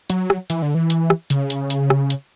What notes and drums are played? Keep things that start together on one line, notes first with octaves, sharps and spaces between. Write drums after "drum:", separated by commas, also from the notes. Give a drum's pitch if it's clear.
F#3, drum: hi-hat
drum: rim click
E3, drum: hi-hat
D3
E3
drum: hi-hat
drum: rim click
C#3, drum: hi-hat
drum: hi-hat
drum: hi-hat
drum: rim click
drum: hi-hat